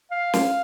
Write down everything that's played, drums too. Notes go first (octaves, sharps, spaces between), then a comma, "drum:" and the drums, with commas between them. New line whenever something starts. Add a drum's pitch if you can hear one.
F5
drum: snare